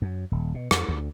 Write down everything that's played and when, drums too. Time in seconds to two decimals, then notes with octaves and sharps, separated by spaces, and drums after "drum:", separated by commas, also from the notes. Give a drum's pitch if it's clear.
0.02 F#2
0.32 D#1
0.54 B2
0.71 F2, drum: rim click
0.88 D2